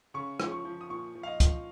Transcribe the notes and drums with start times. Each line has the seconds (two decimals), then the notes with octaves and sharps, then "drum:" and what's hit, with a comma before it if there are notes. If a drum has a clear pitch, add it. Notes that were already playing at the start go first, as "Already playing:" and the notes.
0.14 C#3 C#6
0.40 F3, drum: rim click
0.52 C#6
0.65 F3
0.81 D#6
0.90 A#2 C#6
1.15 F3
1.23 F5
1.27 D#5
1.40 F3, drum: kick, hi-hat